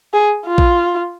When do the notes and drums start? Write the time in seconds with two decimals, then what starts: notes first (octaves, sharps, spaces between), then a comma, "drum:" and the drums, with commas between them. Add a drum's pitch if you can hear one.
0.13 G#4
0.47 F4
0.58 drum: kick A#1